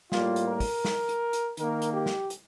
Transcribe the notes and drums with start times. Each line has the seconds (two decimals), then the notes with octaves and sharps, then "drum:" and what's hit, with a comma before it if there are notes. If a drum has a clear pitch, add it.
0.12 A2 G3 A#3 F4, drum: snare
0.36 drum: hi-hat
0.48 A#4
0.60 drum: kick, open hi-hat
0.85 drum: snare
1.09 drum: hi-hat
1.33 drum: hi-hat
1.57 D#3 A#3 A#4, drum: hi-hat
1.82 drum: hi-hat
1.93 G4
2.06 drum: snare
2.30 drum: hi-hat